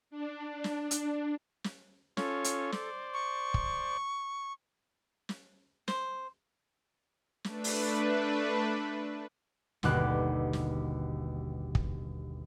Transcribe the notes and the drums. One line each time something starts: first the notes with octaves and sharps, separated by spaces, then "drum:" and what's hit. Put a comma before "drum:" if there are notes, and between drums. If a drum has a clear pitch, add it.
D4
drum: snare
drum: hi-hat
drum: snare
C#4 F4 A4 C#5, drum: snare
drum: hi-hat
C5 D5, drum: snare
C#6
drum: kick
drum: snare
C5, drum: snare
A3 D4 B4, drum: snare
drum: open hi-hat
G1 D#2 B2 D6 F#6, drum: snare
drum: snare
drum: kick